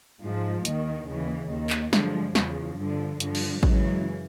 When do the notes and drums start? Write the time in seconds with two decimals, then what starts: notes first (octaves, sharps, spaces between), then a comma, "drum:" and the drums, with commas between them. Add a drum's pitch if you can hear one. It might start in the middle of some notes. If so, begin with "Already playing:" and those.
0.23 G#2 F3
0.65 D#2 D#3, drum: hi-hat
1.07 D#2 C#3 E3
1.50 D#2 D#3
1.70 drum: clap
1.93 G2 D3 F3 F#3 G#3, drum: snare
2.35 E2 C#3 F3, drum: snare
2.78 G2 D3 F3
3.20 G2 D3 F3, drum: hi-hat
3.35 drum: cymbal
3.63 F#2 C#3 E3 F#3 G#3, drum: kick A1